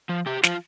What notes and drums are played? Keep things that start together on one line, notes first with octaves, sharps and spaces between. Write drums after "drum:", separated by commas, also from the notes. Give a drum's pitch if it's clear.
F3
C3 G4
F3 F4, drum: snare